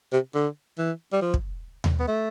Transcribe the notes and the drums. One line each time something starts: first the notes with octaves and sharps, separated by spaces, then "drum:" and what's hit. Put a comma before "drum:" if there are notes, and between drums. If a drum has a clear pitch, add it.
C3
D3
E3
G3
F3
drum: kick
drum: tom D#2
B3
A3